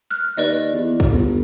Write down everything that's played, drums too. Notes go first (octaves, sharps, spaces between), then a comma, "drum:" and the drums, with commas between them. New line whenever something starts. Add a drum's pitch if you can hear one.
F6 F#6
D#2 B4 D5 D#5
E2
drum: kick
G1